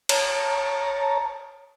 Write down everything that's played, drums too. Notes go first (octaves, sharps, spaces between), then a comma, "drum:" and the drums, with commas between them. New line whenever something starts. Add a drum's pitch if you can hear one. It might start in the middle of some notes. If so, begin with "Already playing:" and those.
C#5 A5 A#5, drum: cymbal